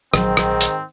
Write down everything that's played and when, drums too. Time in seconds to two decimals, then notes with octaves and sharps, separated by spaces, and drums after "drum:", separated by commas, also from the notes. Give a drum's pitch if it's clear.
0.14 A#1 G#2 D#3 F#3 C4, drum: rim click
0.37 drum: rim click
0.61 drum: hi-hat